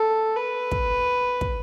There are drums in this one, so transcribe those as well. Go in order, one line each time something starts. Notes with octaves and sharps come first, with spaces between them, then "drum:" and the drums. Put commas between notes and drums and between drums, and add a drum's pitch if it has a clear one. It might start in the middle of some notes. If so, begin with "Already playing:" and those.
Already playing: A4
B4
drum: kick
drum: kick